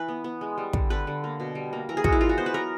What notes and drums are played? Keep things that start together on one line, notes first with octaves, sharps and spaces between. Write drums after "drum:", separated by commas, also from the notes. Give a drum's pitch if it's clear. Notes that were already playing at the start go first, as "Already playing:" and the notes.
Already playing: E3 B4
B3
B3
G#3
G3
D3, drum: kick
D3 B4
D3
A#3
B2
G3
A#3
E3 A#4
G#4
G#3 F#4, drum: kick
E4
E3 F4
F#4
B3 C5
B4
F#3 A#4